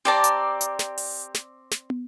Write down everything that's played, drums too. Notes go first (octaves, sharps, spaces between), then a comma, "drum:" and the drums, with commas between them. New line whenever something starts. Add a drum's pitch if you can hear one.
C4 G4 D5 A5 A#5
drum: hi-hat
drum: hi-hat
drum: snare
drum: open hi-hat
drum: snare
drum: snare
drum: tom